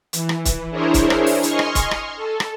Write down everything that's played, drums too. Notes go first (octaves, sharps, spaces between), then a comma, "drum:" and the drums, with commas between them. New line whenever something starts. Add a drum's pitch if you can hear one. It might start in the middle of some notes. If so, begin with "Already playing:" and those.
E3, drum: hi-hat
drum: rim click
drum: kick C#1, hi-hat
D4 E4 G#4 A#4 C5 C#5
drum: kick C#1, hi-hat
drum: rim click
drum: open hi-hat
D#5 G#5 C6 C#6 F6, drum: hi-hat
drum: rim click
drum: kick C#1, hi-hat
drum: rim click
A4
drum: rim click